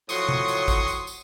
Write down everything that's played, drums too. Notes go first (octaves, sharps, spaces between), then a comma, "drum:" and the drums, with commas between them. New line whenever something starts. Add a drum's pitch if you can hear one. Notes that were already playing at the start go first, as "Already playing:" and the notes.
A2 F3 F#3 C6 C#6 D#6, drum: tambourine
drum: tom C3
drum: tambourine
drum: kick A1, tambourine
drum: tambourine
drum: tambourine